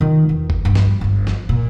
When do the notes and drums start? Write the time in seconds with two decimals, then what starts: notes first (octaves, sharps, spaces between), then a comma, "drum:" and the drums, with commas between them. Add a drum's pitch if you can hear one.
0.01 D#3 F4
0.29 E2
0.50 drum: kick G1
0.65 G2
0.75 drum: snare
1.01 G1 G2
1.27 drum: snare
1.49 A#2